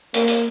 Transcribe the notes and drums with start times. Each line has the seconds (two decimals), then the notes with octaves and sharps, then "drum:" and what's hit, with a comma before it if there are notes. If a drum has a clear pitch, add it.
0.14 A#3, drum: hi-hat
0.28 drum: hi-hat